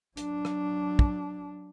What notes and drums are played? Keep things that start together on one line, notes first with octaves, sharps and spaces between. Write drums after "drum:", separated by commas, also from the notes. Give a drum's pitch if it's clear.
F#3 D4, drum: hi-hat
drum: rim click
drum: kick